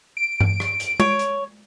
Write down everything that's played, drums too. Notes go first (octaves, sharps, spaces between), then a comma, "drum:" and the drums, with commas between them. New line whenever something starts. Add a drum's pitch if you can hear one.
D7
drum: tom G2
drum: rim click
drum: hi-hat
C#5, drum: tom G#3
drum: hi-hat